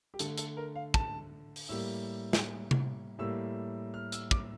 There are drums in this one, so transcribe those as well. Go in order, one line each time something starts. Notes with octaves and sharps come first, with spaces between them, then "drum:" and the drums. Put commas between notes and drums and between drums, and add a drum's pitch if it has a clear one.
G4
D3 A3 A4, drum: hi-hat
A4, drum: hi-hat
A#4
F5
A5, drum: kick
drum: open hi-hat
A2 G3 A#3 E6
drum: snare
drum: tom C3
A2 G3 A#3 E6
F6
E6, drum: hi-hat
D6, drum: kick